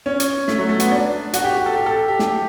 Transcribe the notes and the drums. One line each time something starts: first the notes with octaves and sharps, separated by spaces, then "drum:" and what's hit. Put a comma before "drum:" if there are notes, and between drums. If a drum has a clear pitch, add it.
C#4
drum: hi-hat
A3, drum: snare
F#3
A3
B3, drum: hi-hat
D4
F#4, drum: hi-hat
G4
G4
A4
G4
A4
G4
G4, drum: snare